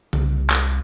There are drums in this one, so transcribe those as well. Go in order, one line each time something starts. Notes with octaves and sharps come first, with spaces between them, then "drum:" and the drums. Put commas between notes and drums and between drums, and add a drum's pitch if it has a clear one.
C2, drum: tom C#3
drum: clap